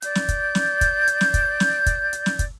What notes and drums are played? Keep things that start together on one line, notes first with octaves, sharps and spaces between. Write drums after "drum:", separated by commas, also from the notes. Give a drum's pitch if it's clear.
D5 G6, drum: hi-hat
drum: snare
drum: kick, hi-hat
drum: snare
drum: kick, hi-hat
drum: hi-hat
drum: snare
drum: kick, hi-hat
drum: snare
drum: kick, hi-hat
drum: hi-hat
drum: snare
drum: kick, hi-hat